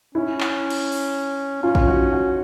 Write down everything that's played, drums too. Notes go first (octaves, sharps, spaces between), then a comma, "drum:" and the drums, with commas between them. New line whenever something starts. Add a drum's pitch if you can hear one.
C#4 E4
drum: clap
drum: cymbal
drum: open hi-hat
C#4 F4
drum: kick A1
F#4
F#4